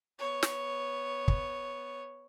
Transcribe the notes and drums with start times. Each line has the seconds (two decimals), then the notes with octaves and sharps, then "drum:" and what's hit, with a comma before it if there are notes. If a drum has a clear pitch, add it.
0.19 B3 C#5
0.43 drum: snare
1.28 drum: kick